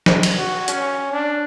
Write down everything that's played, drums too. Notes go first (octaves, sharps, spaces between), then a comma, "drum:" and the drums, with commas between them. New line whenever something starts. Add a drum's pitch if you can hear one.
drum: snare
drum: cymbal
F#4
C#4, drum: hi-hat
D4